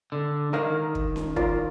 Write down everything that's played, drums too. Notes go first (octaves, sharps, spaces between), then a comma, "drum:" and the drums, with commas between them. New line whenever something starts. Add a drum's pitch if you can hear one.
D3
D#3 D#4 A#4 F5
drum: kick
drum: snare C#4
F4 A#4 D5, drum: kick